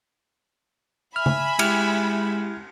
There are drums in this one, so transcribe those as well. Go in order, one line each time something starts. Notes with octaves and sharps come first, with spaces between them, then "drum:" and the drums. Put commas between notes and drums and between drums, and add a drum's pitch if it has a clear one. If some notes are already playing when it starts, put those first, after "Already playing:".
E5 G#5 B5 F6
drum: tom C#3
G#3 E4 G4 F6, drum: cymbal